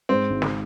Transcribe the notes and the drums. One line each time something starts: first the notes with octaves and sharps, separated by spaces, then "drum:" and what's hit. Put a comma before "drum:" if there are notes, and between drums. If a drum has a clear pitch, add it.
G#2 C4
G#1
drum: snare